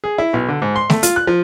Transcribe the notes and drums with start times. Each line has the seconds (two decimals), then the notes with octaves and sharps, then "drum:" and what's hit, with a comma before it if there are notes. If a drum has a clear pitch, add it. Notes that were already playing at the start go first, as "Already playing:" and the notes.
0.04 G#4
0.18 E4
0.33 B1
0.49 D3
0.62 G#2
0.76 C6
0.90 A3, drum: snare A3
1.03 F4, drum: hi-hat
1.16 F#6
1.27 F3